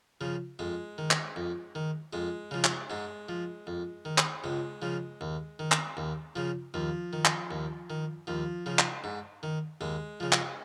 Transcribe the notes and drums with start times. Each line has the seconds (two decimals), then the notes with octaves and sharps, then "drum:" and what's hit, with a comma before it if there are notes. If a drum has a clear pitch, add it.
0.21 C#3 F3
0.59 F2 G#3
0.98 D#3
1.11 drum: clap
1.36 F2
1.75 D#3
2.13 F2 G#3
2.51 C#3 F3
2.64 drum: clap
2.90 G#2 G#3
3.29 F3
3.67 F2
4.05 D#3
4.18 drum: clap
4.44 C#2 G#3
4.82 C#3 F3
5.21 D#2
5.59 D#3
5.72 drum: clap
5.97 D#2
6.36 C#3 F3
6.74 D#2 F3
7.13 D#3
7.25 drum: clap
7.51 D#2
7.90 D#3
8.27 D#2 F3
8.66 C#3 F3
8.79 drum: clap
9.04 G#2
9.43 D#3
9.81 D#2 G#3
10.20 C#3 F3
10.32 drum: clap